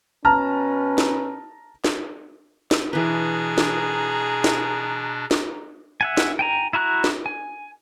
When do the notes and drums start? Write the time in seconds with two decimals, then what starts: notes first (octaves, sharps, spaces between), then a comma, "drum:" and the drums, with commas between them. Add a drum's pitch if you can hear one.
0.25 B2 C#4 B4 A5 A#5 F6
0.98 drum: snare
1.85 drum: snare
2.71 drum: snare
2.93 B2 E3 D4 G#4 B4 A#5
3.58 drum: snare
4.44 drum: snare
5.31 drum: snare
6.01 E5 F#5 G#5
6.17 drum: snare
6.39 G5 G#5 A#5
6.73 E4 F#4 A#5 F6 F#6
7.04 drum: snare
7.26 G#5